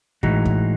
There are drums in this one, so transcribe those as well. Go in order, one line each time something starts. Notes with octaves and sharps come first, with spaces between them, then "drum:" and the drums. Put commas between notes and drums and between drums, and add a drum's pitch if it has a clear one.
A2 E3 G#3 D#4 F#4, drum: kick
drum: kick